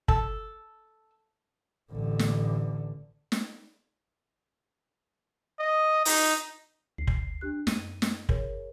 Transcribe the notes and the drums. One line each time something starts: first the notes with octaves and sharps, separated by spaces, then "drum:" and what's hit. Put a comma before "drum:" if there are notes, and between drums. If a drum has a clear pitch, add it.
A4, drum: kick
A1 D3
drum: snare
drum: snare
D#5
D#4, drum: open hi-hat
D2 C7
drum: kick
D4 G4 F#6
F#2 D#7, drum: snare
drum: snare
G#4 A#4 C#5, drum: kick